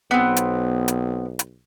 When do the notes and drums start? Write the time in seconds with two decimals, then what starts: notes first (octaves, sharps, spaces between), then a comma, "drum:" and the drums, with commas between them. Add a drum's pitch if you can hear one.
0.11 B1 B3 C4
0.36 drum: hi-hat
0.88 drum: hi-hat
1.39 drum: hi-hat